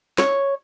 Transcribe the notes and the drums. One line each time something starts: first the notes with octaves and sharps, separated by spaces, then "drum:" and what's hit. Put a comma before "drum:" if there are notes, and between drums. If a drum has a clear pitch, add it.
C#5, drum: snare